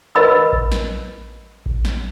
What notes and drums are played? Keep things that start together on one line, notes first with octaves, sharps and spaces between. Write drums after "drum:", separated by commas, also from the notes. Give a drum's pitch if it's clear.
A#4 B4 D#5 B5 E6
drum: kick A1
drum: snare
drum: kick A1
drum: snare